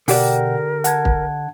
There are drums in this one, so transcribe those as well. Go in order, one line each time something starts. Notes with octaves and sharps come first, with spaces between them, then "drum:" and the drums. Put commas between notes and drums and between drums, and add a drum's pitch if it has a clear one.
B2 D3 G4 A#4 D5 F#5 G5, drum: open hi-hat
F#5 A5 G#6, drum: hi-hat
drum: kick